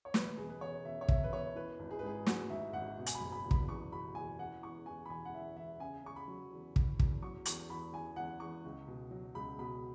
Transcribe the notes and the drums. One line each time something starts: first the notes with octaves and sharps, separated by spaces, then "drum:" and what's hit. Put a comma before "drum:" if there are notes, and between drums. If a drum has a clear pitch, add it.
C#5
E1 B4, drum: snare
E1 G#4
B4
E1 C#5
E1 E5
C#5
E1 E5, drum: kick
B4
E1 C#5
E3 B4
G#1
G#4
B4
G#2 G#4
G#2 F#4, drum: snare
G#1 E5
G#1 F#5
B2
G#5, drum: hi-hat
B5
F#1
B5
E2
B5, drum: kick
E2 C#6
B2 B5
E2 G#5
E3 F#5
E2 C#6
E2 G#5
B5
E1 G#5
F#5
E2 E5
E2 E5
C#3 G#5
C#3 C#6
B5
F#3
E2
F#3, drum: kick
E2, drum: kick
F#3 C#6
E2 C#6, drum: hi-hat
E2 B5
E2 G#5
E2 F#5
E2 C#6
C#2
B2
F#3
C#2 B5
B2 B5